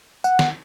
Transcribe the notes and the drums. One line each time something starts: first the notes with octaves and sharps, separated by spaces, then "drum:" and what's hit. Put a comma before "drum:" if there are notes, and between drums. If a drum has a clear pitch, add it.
F#5, drum: tambourine
drum: snare